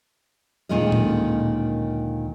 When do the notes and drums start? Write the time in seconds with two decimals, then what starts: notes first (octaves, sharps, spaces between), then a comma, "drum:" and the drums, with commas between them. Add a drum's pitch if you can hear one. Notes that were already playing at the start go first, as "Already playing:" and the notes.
0.69 D2 A#2 D#3 G#3 C#4 D#5
0.92 drum: tom A2